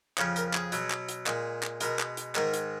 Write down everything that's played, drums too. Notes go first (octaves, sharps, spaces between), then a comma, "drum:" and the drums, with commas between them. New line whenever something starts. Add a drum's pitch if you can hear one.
F2 C#3 F3 C#5, drum: clap
A#4, drum: hi-hat
G#4, drum: clap
B2 F#3, drum: hi-hat
drum: clap
drum: hi-hat
A#2 G#3, drum: clap
drum: clap
B2 G#3 A#4, drum: hi-hat
drum: clap
drum: hi-hat
G#2 D#3 G#3 A#4, drum: clap
drum: hi-hat